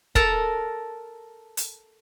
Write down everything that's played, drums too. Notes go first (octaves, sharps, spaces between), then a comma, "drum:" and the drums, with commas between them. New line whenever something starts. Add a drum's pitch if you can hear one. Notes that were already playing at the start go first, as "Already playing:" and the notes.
A4 A#4 A5 A#5, drum: kick
drum: hi-hat